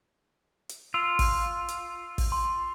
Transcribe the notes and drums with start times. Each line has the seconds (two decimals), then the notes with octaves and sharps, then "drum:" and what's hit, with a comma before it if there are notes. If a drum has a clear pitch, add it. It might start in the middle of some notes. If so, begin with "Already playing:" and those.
0.69 drum: hi-hat
0.94 F4 E6 F7
1.19 drum: kick, open hi-hat
1.68 drum: hi-hat
2.18 drum: kick, open hi-hat
2.32 C6